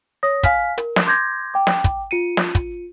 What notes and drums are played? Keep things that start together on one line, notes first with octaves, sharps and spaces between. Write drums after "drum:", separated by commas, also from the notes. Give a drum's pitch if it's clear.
C#5 D#6 A#6
F5 G#5 F6 B6, drum: kick, hi-hat
A#4, drum: hi-hat
drum: snare
C6 D6 G6 G#6 A#6
G5 D6
drum: snare
drum: kick, hi-hat
F4 C#7 D#7
drum: snare
drum: kick, hi-hat